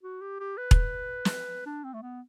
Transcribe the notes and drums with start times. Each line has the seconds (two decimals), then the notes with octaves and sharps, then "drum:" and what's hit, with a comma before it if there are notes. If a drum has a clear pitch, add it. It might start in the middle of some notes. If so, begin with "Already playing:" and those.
0.03 F#4
0.21 G4
0.40 G4
0.57 B4
0.71 drum: kick E1
1.25 drum: snare
1.66 D4
1.84 C4
1.94 A3
2.02 B3